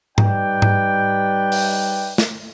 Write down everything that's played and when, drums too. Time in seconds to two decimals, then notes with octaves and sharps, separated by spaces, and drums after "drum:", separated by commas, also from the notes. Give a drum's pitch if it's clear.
0.18 G3 D#4 B4 D5 G5, drum: tom G#2
0.62 drum: tom G#2
1.52 drum: open hi-hat
2.18 drum: snare